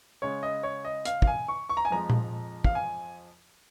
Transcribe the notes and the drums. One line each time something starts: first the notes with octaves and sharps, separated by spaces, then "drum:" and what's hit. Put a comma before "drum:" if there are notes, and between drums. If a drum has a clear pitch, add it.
C#3 G#3 C#5
D#5
C#5
D#5
F5, drum: hi-hat
F5, drum: kick
G#5
C#6
C#6
A#5
G#5
F2 F3 G#3 A#5
drum: tom A#2
F5, drum: kick
G#5